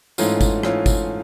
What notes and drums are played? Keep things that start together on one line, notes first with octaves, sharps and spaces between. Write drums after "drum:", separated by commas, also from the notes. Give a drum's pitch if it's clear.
G#2 E3 A3 C#4 F4, drum: tambourine
drum: kick G1, tambourine
G#2 E3 A3 C#4 F4, drum: rim click
drum: kick G1, tambourine